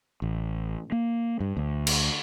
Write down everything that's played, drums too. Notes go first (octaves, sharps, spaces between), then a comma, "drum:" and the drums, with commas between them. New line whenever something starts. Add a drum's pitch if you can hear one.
A1
A#3
G2
D2
drum: cymbal